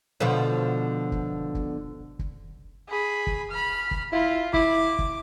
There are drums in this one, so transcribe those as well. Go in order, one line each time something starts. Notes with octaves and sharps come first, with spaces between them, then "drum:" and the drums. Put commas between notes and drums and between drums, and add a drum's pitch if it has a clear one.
B2 D3 F3
drum: kick
drum: kick
drum: kick
G#4 B5
drum: kick
B5 F6
drum: kick
E4 F4
E4 D6, drum: kick
drum: kick